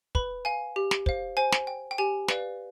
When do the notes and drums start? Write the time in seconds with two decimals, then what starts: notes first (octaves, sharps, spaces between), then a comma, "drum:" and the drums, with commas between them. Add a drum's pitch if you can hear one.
0.15 B4 B5, drum: kick
0.45 F5 G#5
0.76 G4
0.91 drum: snare
1.06 C5 F5, drum: kick
1.37 C5 G#5
1.52 drum: snare
1.67 G5
1.91 G5
1.98 G4 G#5
2.28 B4 D5 F5, drum: snare